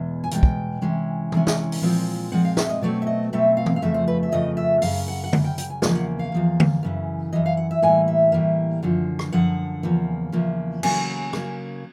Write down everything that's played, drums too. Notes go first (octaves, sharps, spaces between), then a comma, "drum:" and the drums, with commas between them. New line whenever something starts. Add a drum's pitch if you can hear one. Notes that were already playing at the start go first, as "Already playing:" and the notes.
Already playing: E2 B2 G#3
G#5
E2 B2 G#3 G5, drum: hi-hat
drum: kick
C3 E3 G#3 C#4
C3 E3 G#3 C#4, drum: tom E3
drum: snare
drum: open hi-hat
A#2 F3 G#3 C4
A#2 F3 G#3 C4 F#5
F5
E5, drum: snare
D#5
B2 F#3 A3 C4 D5
E5
D#5
B2 F#3 A3 C4 E5
F5
drum: tom E3
F5
F2 C#3 F3 A3 E5
C5
B4
E5
F2 C#3 F3 A3 D#5
E5
F#2 C#3 F5, drum: open hi-hat
F#5
F#5
F#2 C#3, drum: tom D3
G5
G5, drum: hi-hat
G#5
E2 C#3 F3 A#3, drum: snare
F#5
F5
E2 C#3 F3 A#3
drum: tom D3
F#2 C#3 E3
F#2 C#3 E3 D#5
F5
F#5
E5
A2 E3 G3 A#3 G#5
E5
A2 E3 G3 A#3
F#2 D3 F3
drum: rim click
F#2 D3 F3 F#5
E2 C#3 F3 A#3
E2 C#3 F3 A#3
C#3 F#3 A#3 C#4 G#5, drum: cymbal
C#3 F#3 A#3 C#4, drum: rim click